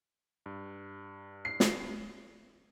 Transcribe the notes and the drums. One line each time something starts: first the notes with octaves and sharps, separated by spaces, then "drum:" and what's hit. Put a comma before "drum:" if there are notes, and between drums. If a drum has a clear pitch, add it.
G2
C7
drum: snare